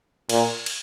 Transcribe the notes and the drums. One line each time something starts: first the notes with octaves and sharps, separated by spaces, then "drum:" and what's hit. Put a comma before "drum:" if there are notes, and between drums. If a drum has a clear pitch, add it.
A#2, drum: cymbal
drum: cymbal